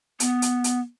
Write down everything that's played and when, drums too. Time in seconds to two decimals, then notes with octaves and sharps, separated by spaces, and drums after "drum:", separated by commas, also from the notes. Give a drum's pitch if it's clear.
0.20 B3, drum: hi-hat
0.42 drum: hi-hat
0.64 drum: hi-hat